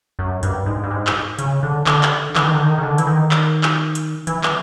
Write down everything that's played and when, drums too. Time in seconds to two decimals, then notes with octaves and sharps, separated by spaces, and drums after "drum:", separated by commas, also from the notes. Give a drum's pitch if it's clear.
0.19 F#2
0.43 G2, drum: hi-hat
0.66 G#2
0.84 G2
0.90 G#2
1.07 drum: clap
1.39 C#3, drum: hi-hat
1.63 D3
1.86 D3, drum: clap
2.03 drum: clap
2.35 E3, drum: clap
2.45 D#3
2.54 D3
2.63 D#3
2.78 C#3
2.83 D3
2.98 E3, drum: hi-hat
3.07 D#3
3.31 drum: clap
3.63 drum: clap
3.95 drum: hi-hat
4.27 E3, drum: hi-hat
4.43 drum: clap